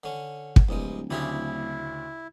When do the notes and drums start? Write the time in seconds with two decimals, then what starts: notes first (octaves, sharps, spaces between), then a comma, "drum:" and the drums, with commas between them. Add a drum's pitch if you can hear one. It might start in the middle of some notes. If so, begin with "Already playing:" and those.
0.04 D3 C#4
0.56 drum: kick
0.69 D1 C2 G2 G#3
1.10 D2 C#3 D4 E4 G4 G#4